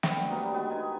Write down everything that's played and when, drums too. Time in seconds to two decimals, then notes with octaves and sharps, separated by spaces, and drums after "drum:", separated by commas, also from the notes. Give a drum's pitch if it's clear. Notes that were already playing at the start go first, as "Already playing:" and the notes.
0.03 D3 A3 B3 C4, drum: snare
0.30 F#3 G3 A#3 B3
0.53 D#3 G#3 B3
0.71 D#4 G4 G#5